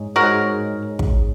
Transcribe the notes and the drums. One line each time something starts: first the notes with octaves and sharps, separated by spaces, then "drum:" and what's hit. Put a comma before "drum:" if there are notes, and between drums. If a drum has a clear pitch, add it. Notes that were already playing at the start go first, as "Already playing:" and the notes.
Already playing: G#2 G#3 D#4 G#4 C#5
G#2 G#3 D#4 F#4 G#4 A#4 C#5
drum: kick